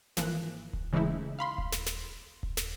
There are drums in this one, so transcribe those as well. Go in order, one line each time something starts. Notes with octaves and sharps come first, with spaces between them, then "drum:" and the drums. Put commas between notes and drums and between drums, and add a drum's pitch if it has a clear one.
G#1 E3 F3 A#3 F#6, drum: snare
drum: kick D#1
C#3 E3 G#3 A3 D#4 E4
F5 B5 C6
drum: kick D#1
drum: snare
drum: snare
drum: kick D#1
drum: snare